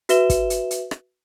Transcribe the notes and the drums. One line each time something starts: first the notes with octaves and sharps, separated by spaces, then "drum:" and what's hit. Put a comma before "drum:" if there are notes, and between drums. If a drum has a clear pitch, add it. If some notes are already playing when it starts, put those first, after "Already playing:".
F#4 B4 E5 E7 G7, drum: hi-hat
drum: kick, hi-hat
drum: hi-hat
drum: hi-hat
drum: rim click